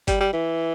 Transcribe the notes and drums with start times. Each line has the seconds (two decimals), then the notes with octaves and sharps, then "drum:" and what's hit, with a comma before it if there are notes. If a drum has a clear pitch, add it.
0.08 G3, drum: kick G1, hi-hat
0.21 G3
0.33 E3